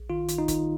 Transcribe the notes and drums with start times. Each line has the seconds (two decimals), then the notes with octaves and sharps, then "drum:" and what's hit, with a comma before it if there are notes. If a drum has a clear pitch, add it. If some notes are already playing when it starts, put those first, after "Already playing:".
Already playing: A#1
0.10 D#3 F4
0.29 D#3, drum: hi-hat
0.38 D#4
0.48 D#3, drum: kick F#1, hi-hat